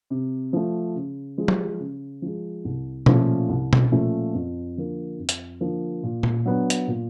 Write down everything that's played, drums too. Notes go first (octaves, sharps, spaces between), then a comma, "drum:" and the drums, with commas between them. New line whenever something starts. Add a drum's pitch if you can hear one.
C3
F3 A3
C#3
F3 G#3
drum: tom F#3
C#3
F3 G#3
C2
A#2 F3 A3 C#4, drum: tom B2
C2
drum: tom B2
A#2 F3 A3 C#4
F2
D3 F3 A#3
F2
drum: hi-hat
D3 F3 A#3
A#2
drum: tom A#2
F#3 B3 D4
drum: hi-hat
A#2